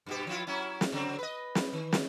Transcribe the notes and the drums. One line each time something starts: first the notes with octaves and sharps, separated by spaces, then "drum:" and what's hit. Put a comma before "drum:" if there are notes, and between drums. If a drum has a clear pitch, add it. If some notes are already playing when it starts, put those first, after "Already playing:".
G2 B2 G4
F3 E4 F4
F#3 C#4 E4
drum: snare
C#3 F#3 C4
B4 D#5
drum: snare
D#3
drum: snare